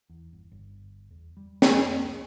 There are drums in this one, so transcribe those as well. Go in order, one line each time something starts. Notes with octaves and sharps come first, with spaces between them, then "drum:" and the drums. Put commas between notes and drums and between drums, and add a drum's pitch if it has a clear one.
E2
G1
G1
E2
G3
drum: snare
F2
C2